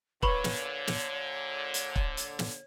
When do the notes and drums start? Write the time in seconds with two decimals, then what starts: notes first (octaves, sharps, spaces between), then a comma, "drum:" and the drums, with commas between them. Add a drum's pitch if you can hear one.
0.23 A#2 D3 B4 C#5 B5 C#6, drum: kick
0.44 drum: snare
0.87 drum: snare
1.74 drum: hi-hat
1.96 drum: kick
2.17 drum: hi-hat
2.39 drum: snare